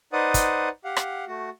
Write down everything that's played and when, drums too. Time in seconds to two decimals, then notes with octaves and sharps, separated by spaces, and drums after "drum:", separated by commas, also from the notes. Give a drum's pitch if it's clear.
0.13 D#4 B4 C5 D5 F#5 D#6
0.34 drum: kick, hi-hat
0.85 G4 F5 F#5
0.97 drum: rim click
1.28 A3 F#4